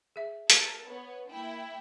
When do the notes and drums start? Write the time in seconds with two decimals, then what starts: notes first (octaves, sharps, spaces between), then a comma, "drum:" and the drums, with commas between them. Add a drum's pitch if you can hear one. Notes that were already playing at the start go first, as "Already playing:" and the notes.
0.16 G#4 E5
0.50 A4 A#4, drum: hi-hat
0.88 B3 C#5
1.28 A#3 E4 G5